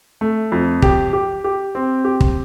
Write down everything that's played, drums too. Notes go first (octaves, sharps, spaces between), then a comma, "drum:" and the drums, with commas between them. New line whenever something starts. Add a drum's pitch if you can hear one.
A3
F2
G4, drum: kick
G4
G4
C4
G4
drum: kick